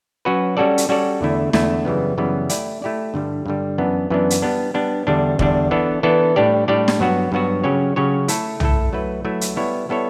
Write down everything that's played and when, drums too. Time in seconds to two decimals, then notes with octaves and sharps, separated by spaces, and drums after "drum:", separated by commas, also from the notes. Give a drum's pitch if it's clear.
0.25 F#3 C#4 F#4 B4
0.57 G3 C#4 F#4 A4 D5
0.78 drum: hi-hat
0.89 G3 C#4 F#4 A4 D5
1.21 E2 D3 A3 E4
1.53 E2 D3 A3 E4, drum: snare
1.85 F#2 C#3 E3 G3 B3
2.18 F#2 C#3 E3 G3 B3
2.49 A3 E4 G4 D5, drum: hi-hat
2.82 A3 E4 G4 D5
3.14 G2 D3 G3
3.46 G2 D3 G3
3.78 F#2 E3 B3 D4
4.10 F#2 E3 B3 D4
4.30 drum: hi-hat
4.42 G3 B3 D4
4.74 G3 B3 D4
5.07 E2 D3 G3 D4
5.39 E2 D3 G3 D4, drum: kick
5.71 E3 B3 D4 A4
6.03 E3 B3 D4 A4
6.36 A2 G3 D4 G4 D5
6.68 A2 G3 D4 G4 D5
6.88 drum: snare
6.99 G2 F#3 B3 F#4
7.32 G2 F#3 B3 F#4
7.64 C#3 F#3 C#4 G4 C#5
7.96 C#3 F#3 C#4 G4 C#5
8.28 A3 E4 A4, drum: hi-hat
8.60 A3 E4 A4, drum: tom
8.93 F#3 A3 E4 B4 E5
9.25 F#3 A3 E4 B4 E5
9.41 drum: hi-hat
9.56 G3 B3 E4 A4 C#5
9.89 G3 B3 E4 A4 C#5